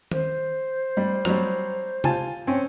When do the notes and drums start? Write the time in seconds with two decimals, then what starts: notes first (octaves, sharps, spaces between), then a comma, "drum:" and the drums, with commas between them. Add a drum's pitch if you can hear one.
0.11 C5, drum: tom D#3
0.97 G3
1.25 F#3 G3, drum: rim click
2.04 F4 G#5 A5, drum: tom C3
2.47 C4 C#4 C#5